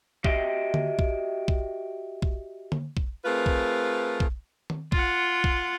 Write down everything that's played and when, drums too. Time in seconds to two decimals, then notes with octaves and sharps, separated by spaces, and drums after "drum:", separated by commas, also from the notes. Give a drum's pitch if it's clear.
0.24 F#4 G4 D#5 E5 G5 C6, drum: kick
0.74 drum: tom D3
0.99 drum: kick
1.48 drum: kick
2.22 drum: kick
2.72 drum: tom D3
2.97 drum: kick
3.25 A3 C4 F4 G#4 A#4 B4
3.46 drum: kick
4.20 drum: kick
4.70 drum: tom D#3
4.92 F4 F#5, drum: kick
5.44 drum: kick